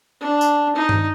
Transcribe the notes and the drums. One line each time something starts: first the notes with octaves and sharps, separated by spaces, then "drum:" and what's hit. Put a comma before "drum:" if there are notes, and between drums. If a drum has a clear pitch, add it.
D4
drum: tambourine
D#4
drum: tom G2